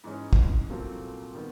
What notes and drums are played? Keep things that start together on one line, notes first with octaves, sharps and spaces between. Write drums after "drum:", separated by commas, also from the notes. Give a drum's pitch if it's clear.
G#2 E3 G#3 C#4
drum: kick
C2 A#2 F#3 A3 C4
D#3 G3 B3